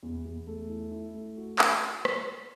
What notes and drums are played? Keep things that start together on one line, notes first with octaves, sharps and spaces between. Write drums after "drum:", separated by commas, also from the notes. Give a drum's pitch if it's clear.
E2
E2
A3
E4
E4
A3
F#4
F#4, drum: clap
drum: rim click